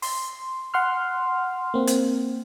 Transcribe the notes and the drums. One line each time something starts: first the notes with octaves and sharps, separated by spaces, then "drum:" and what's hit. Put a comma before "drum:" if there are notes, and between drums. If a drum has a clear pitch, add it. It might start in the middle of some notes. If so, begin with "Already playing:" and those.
C6, drum: open hi-hat
F#5 C6 F6
A#3 C4
drum: hi-hat